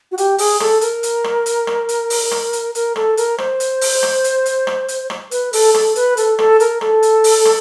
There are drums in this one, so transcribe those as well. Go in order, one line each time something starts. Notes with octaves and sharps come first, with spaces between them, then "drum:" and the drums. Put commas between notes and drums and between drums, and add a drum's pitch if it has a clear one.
F#4
G4, drum: hi-hat
G#4, drum: open hi-hat
A4, drum: rim click
A#4, drum: hi-hat
drum: hi-hat
drum: rim click
drum: hi-hat
drum: rim click
drum: hi-hat
drum: open hi-hat
drum: rim click
drum: hi-hat
A#4, drum: hi-hat
A4, drum: rim click
A#4, drum: hi-hat
C5, drum: rim click
drum: hi-hat
drum: open hi-hat
drum: rim click
drum: hi-hat
drum: hi-hat
drum: rim click
drum: hi-hat
drum: rim click
B4, drum: hi-hat
A4, drum: open hi-hat
A4, drum: rim click
B4, drum: hi-hat
A4, drum: hi-hat
A4, drum: rim click
A#4, drum: hi-hat
A4, drum: rim click
drum: hi-hat
drum: open hi-hat
drum: rim click